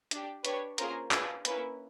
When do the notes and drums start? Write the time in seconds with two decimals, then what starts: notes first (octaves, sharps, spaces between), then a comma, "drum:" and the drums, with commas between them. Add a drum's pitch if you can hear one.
0.11 D4 G4, drum: hi-hat
0.45 D4 G4 B4 C#5, drum: hi-hat
0.78 A#3 C#4 F4 G#4 A#4 C5, drum: hi-hat
1.11 D4 F4 G#4 B4, drum: clap
1.45 A#3 C#4 E4 B4, drum: hi-hat